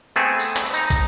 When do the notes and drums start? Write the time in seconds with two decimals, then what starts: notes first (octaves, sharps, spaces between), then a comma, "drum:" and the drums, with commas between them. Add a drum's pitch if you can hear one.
0.16 A3 B3 C4 G#4 A4
0.39 drum: tambourine
0.56 drum: clap
0.73 D#4 A#5, drum: tambourine
0.90 drum: kick, tambourine